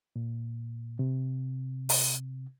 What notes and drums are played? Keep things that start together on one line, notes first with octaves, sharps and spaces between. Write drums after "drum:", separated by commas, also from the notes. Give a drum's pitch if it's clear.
A#2
C3
drum: open hi-hat